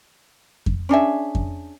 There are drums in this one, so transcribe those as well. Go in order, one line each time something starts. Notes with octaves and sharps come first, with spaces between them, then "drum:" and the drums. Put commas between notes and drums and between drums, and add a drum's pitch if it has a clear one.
drum: kick F2
C#4 D4 G#4 E5
drum: kick F2